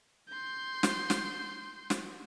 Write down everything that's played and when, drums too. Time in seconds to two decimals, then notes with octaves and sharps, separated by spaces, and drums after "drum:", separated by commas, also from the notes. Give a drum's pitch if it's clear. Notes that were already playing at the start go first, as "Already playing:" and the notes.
0.30 C6 G6
0.83 drum: snare
1.10 drum: snare
1.90 drum: snare